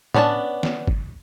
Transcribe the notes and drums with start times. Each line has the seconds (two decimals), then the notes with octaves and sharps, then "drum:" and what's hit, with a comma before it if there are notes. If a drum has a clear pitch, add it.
0.14 B3 C#4 D4 C5 A5, drum: tom A2
0.63 drum: snare
0.87 drum: kick G1